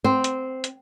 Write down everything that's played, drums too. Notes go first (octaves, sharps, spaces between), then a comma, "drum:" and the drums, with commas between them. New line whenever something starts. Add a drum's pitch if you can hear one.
C4
drum: hi-hat
drum: hi-hat